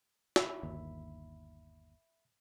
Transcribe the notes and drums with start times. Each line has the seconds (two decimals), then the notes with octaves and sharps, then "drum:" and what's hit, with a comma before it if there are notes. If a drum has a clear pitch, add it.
0.36 E5 B5, drum: snare
0.63 G1 D#2